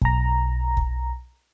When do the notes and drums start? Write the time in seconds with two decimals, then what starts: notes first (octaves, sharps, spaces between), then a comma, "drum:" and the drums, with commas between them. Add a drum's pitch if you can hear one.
0.02 B1 A#5, drum: kick
0.77 drum: kick